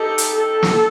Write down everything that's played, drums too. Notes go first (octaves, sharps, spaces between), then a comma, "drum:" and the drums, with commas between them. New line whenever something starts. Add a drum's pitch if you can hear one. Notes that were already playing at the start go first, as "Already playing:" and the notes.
Already playing: D#4 G4 A4
drum: hi-hat
A4
drum: snare